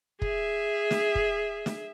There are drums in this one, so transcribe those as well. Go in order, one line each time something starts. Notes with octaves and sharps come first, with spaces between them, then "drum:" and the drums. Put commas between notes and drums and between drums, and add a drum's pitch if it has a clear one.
G#4 E5, drum: kick
drum: snare
drum: kick
drum: snare